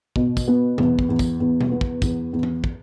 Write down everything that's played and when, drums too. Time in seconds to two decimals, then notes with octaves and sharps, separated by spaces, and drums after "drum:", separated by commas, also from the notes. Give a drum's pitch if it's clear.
0.16 B2, drum: kick
0.37 drum: kick, tambourine
0.48 B3
0.78 E2, drum: tom B2
0.99 drum: kick
1.09 E2
1.19 drum: kick, tambourine
1.40 E2
1.61 drum: tom B2
1.71 B3
1.81 drum: kick
2.02 E2, drum: kick, tambourine
2.33 E2
2.43 drum: tom E3
2.64 drum: kick